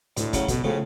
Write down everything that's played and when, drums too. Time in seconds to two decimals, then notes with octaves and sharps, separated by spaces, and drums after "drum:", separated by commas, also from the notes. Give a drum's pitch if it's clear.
0.17 D2 A2, drum: hi-hat
0.33 C#3 F#3 C#4, drum: kick, hi-hat
0.48 B1 B2, drum: kick, hi-hat
0.64 A2 C#3 F3 A3